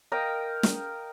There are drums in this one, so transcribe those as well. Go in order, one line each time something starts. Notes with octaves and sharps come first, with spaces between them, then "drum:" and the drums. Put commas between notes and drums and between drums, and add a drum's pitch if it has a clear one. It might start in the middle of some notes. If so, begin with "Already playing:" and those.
A#4 D#5 F5 G5
drum: snare